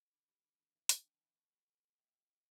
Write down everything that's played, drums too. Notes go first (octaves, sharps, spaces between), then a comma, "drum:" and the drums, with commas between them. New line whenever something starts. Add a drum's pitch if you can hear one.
D3 B5 D6
G3 B5 D6
D3 B5 D6
D3
E3
E3, drum: hi-hat
D4 G5
A5
E3 B5
B3 A5 C#6
G3 G5 B5
A4
B3
A3 E5 G5
F#4
D4